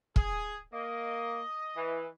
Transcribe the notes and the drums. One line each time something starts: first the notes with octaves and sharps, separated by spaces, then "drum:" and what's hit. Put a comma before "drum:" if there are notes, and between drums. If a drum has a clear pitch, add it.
G#4, drum: kick
A#3 D#5
E3